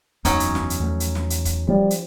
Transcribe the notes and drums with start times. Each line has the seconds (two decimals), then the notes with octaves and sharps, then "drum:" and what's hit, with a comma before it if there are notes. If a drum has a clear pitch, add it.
0.25 F#1 E2 F#3 C4 C#4 D#4, drum: kick C#1, hi-hat
0.40 drum: hi-hat
0.55 drum: snare
0.70 drum: hi-hat
0.80 E2 F3 A3
1.00 drum: hi-hat
1.15 drum: snare
1.30 drum: hi-hat
1.45 drum: kick C#1, hi-hat
1.68 F3 G3
1.90 drum: hi-hat